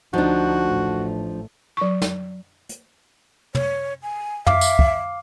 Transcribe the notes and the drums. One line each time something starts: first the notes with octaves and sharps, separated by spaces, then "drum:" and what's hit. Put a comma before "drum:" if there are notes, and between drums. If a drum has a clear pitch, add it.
D2 F3 D4 D#4 F#4
A1 A3
F#3 C#6
drum: snare
drum: hi-hat
C#5, drum: tom
G#5
E5 F5 D6, drum: tom
drum: tambourine
drum: kick